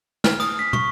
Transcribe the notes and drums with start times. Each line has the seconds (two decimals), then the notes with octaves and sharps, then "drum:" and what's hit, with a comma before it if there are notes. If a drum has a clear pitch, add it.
0.24 F6, drum: snare
0.40 D#6, drum: cymbal
0.59 B6
0.73 C#6, drum: tom